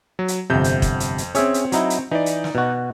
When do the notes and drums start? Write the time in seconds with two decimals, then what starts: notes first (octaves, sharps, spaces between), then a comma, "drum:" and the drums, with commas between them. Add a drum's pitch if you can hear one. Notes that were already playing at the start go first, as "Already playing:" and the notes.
0.19 F#3
0.28 drum: hi-hat
0.50 G1 F2 C3 G6
0.64 drum: hi-hat
0.82 drum: kick F1, hi-hat
1.00 drum: hi-hat
1.18 drum: hi-hat
1.35 C4 C#4 G#4 C#5 E5, drum: hi-hat
1.54 drum: hi-hat
1.72 F#3 D#4 E4, drum: hi-hat
1.90 drum: hi-hat
2.11 E3 D#4 D5
2.26 drum: hi-hat
2.44 drum: snare
2.55 B2 F#4